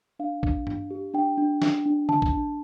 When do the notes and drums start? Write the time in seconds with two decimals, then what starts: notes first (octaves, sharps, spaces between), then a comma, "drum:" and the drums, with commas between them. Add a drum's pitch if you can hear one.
0.19 D4 F5
0.43 D4, drum: kick A#1
0.67 D4, drum: tom G2
0.91 G4
1.14 D4 G5
1.38 D4
1.62 D4, drum: snare
1.85 D4
2.09 D4 A5, drum: tom C#3
2.22 drum: kick A#1
2.33 D4